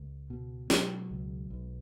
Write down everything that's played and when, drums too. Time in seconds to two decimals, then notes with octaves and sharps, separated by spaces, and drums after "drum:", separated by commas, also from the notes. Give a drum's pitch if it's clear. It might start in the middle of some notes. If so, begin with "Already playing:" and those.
Already playing: C#2
0.30 B2
0.70 B2 F#3 G#3, drum: snare
1.11 C#2
1.50 B1